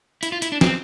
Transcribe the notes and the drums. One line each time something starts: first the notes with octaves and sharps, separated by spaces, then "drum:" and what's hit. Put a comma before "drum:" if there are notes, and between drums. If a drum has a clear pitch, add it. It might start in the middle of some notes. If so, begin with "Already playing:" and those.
E4, drum: hi-hat
F4
E4, drum: hi-hat
D4
C4, drum: snare